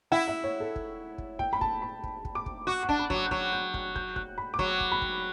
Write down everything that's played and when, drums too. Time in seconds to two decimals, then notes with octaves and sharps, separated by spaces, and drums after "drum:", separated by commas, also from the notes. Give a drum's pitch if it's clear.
0.12 E4 F#5
0.28 E5
0.44 C#5
0.60 A4
0.76 drum: kick
1.18 drum: kick
1.39 G5, drum: kick
1.53 B5
1.61 A5, drum: kick
1.82 B5
2.03 drum: kick
2.25 drum: kick
2.35 D6
2.46 drum: kick
2.67 F#4 D6
2.83 C#6
2.89 D4, drum: kick
2.99 B5
3.10 F#3, drum: kick
3.16 D6
3.26 G6
3.31 F#3 F#6, drum: kick
3.53 G6
3.74 F#6, drum: kick
3.96 G6, drum: kick
4.16 F#6, drum: kick
4.38 B5
4.54 D6
4.59 F#3 C#6, drum: kick
4.80 drum: kick
4.92 B5
5.02 drum: kick